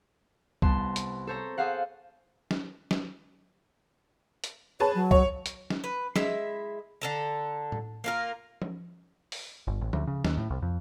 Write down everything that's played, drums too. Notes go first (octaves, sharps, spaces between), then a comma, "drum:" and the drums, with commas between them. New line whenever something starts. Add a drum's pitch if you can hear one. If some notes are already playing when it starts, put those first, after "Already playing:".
C2 B3 A5 C6, drum: kick
drum: hi-hat
A4 C5 C#5 A#5
G#4 A4 C5 F5 F#5
drum: snare
drum: snare
drum: hi-hat
G#4 B4 C#5 A5
F#3
C#5, drum: kick
drum: hi-hat
drum: snare
B4
G#3 E4 E5, drum: snare
D3 A4 A#5
drum: tom A2
A#3 F4 A#4
drum: tom F3
drum: open hi-hat
G1
A1
D2, drum: tom F3
C#3
D#2, drum: snare
A2
C2
F2